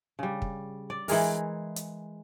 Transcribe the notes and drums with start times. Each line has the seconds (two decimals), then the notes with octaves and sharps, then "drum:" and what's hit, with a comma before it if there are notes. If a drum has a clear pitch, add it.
0.19 C#3 G3
0.42 drum: kick
0.90 D5
1.08 E3 G#3 G#4 A#4, drum: open hi-hat
1.76 drum: hi-hat